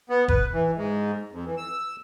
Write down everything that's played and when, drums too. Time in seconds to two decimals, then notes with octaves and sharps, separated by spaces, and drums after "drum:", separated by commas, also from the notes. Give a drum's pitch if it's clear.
0.10 B3
0.28 B4, drum: kick
0.53 E3
0.76 G#2
1.32 F2
1.45 E3
1.57 E6